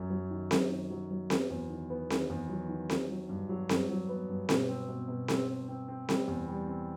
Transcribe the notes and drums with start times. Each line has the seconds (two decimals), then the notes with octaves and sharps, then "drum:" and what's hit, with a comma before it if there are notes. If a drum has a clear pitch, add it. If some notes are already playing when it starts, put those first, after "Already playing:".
Already playing: F#2 F#3
0.10 F#3
0.31 D#3
0.51 F#2, drum: snare C4
0.70 D#3
0.90 F#3
1.10 F#3
1.30 B3, drum: snare C4
1.50 E2
1.70 D#3
1.90 B3
2.10 D#3, drum: snare C4
2.30 E2
2.49 F#3
2.69 D#3
2.90 F#3, drum: snare C4
3.09 F#3
3.29 G2
3.49 F#3
3.69 G2, drum: snare C4
3.89 F#3
4.09 B3
4.29 G2
4.49 B2, drum: snare C4
4.68 C4
4.89 B2
5.08 B2
5.28 C4, drum: snare C4
5.48 C4
5.68 C4
5.88 C4
6.09 G3, drum: snare C4
6.28 E2
6.48 G3
6.68 C4